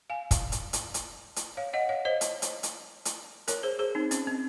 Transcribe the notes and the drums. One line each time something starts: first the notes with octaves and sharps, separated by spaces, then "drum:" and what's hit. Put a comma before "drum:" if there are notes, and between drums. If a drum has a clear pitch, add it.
F5 G#5
drum: kick, hi-hat
drum: hi-hat
drum: hi-hat
drum: hi-hat
drum: hi-hat
C#5 F5
D#5 F#5
C#5 F5
C5 D#5
drum: hi-hat
drum: hi-hat
drum: hi-hat
drum: hi-hat
A#4 C#5, drum: hi-hat
G#4 C5
G#4 C5
C4 D#4
C#4, drum: hi-hat
C4